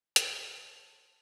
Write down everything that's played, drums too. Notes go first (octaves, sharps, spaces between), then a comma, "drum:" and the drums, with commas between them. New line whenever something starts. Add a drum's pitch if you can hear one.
C5 C#5 A5, drum: hi-hat